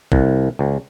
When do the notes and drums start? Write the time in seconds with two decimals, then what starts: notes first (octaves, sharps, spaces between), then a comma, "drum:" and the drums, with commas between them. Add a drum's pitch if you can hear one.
0.12 C2, drum: kick
0.59 C#2